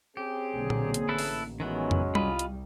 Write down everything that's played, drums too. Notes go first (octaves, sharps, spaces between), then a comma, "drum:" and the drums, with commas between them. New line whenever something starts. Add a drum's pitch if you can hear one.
C4 C#4 G4 G#4
B1 D3 A#3
drum: tom A#2
drum: hi-hat
A1 E4 A4 B4
drum: open hi-hat
D#3 E3 F#3 G#3 B3 C#4
drum: tom F2
C2 G3 F4 D#5 B5, drum: tom G3
drum: hi-hat